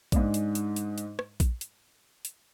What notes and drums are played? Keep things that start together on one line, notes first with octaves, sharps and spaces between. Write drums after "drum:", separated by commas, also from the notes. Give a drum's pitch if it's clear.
G#2 G#3 D4, drum: kick A#1, hi-hat
drum: hi-hat
drum: hi-hat
drum: hi-hat
drum: hi-hat
drum: rim click
drum: kick A#1, hi-hat
drum: hi-hat
drum: hi-hat